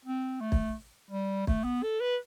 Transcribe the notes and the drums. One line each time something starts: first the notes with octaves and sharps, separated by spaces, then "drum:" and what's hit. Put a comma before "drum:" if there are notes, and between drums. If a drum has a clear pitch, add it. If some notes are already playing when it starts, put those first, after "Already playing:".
C4
A3
drum: kick
G3
A3, drum: kick
B3
A4
B4